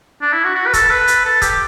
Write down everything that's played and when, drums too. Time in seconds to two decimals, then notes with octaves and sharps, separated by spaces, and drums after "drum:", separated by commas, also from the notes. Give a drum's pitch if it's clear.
0.21 D4
0.33 E4
0.44 F#4
0.55 F#4
0.67 B4
0.73 A4, drum: kick, hi-hat
0.90 B4
1.08 drum: hi-hat
1.25 A4
1.42 G4, drum: kick, hi-hat